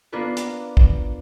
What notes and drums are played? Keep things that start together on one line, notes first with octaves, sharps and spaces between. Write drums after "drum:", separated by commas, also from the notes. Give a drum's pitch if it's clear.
A#3 B3 D4 F4 A#4 B4
drum: hi-hat
drum: kick